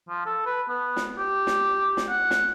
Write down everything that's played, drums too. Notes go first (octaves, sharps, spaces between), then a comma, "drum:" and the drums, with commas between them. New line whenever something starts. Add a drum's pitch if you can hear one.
F3
A4
B4
B3
drum: snare
G4
drum: snare
drum: snare
F#5
drum: snare